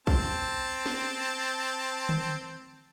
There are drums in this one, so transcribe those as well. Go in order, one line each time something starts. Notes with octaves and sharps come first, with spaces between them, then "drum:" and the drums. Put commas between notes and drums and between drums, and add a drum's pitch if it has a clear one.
C4 A5, drum: kick
drum: snare
drum: tom D3